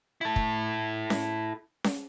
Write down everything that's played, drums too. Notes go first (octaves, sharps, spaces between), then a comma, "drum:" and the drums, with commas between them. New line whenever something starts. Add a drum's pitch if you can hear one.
E4 A4
drum: kick
drum: snare C#4
drum: snare C#4